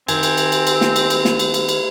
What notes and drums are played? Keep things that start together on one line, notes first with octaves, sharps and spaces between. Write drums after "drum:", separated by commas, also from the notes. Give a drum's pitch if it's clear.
D#3 C4 G#5, drum: cymbal
drum: cymbal
drum: cymbal
drum: cymbal
drum: cymbal
drum: snare
drum: cymbal
drum: cymbal
drum: snare
drum: cymbal
drum: cymbal
drum: cymbal